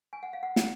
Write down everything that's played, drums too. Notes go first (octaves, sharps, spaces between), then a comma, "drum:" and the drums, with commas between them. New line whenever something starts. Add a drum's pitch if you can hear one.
G#5
F#5
F5
F#5
drum: snare